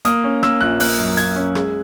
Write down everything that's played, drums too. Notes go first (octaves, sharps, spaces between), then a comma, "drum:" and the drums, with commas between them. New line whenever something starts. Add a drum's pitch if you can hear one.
A#3 D#6, drum: hi-hat
C#4
A#3 E6, drum: rim click
A#1 F#6
A#3 F#6, drum: open hi-hat
F#2
A#3 G#6, drum: hi-hat
C#4
G#3, drum: rim click